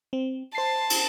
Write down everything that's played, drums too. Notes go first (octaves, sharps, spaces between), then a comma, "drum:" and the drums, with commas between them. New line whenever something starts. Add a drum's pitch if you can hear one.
C4
C5 A5 C7
drum: cymbal